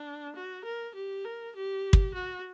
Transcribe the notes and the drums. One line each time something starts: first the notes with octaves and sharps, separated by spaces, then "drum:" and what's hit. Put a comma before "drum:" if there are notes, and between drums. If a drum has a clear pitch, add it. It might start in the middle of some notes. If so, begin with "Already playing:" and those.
Already playing: D4
F#4
A#4
G4
A#4
G4
drum: kick
F#4